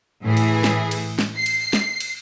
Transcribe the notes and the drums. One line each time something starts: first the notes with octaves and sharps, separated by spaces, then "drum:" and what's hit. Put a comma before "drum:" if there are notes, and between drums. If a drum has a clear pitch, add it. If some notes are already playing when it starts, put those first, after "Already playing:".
A2 E3 G#4
drum: cymbal
drum: snare
drum: cymbal
drum: snare
C7
drum: cymbal
drum: snare
drum: cymbal